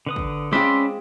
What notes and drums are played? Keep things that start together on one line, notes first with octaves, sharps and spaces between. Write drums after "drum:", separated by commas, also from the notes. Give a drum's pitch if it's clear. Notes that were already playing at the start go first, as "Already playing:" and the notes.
D3 B4 D#6
drum: kick
G#3 C4 C#4 F4 D5 B5 C6 E6